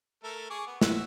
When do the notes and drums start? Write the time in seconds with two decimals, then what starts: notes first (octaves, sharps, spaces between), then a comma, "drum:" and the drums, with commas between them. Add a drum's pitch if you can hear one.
0.24 A3 A4 A#4
0.50 G#4 C#6 D6
0.67 B3
0.81 F#4 E5 F#5, drum: snare